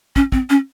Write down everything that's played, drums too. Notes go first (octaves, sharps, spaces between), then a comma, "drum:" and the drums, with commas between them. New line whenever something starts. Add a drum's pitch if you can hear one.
C#4, drum: kick
C4, drum: kick
C#4